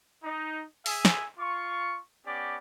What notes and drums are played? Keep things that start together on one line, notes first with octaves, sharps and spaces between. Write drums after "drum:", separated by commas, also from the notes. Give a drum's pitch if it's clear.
D#4
G#4 E5 G#5, drum: open hi-hat
drum: snare
F4 C#6
B3 C#4 G4 D5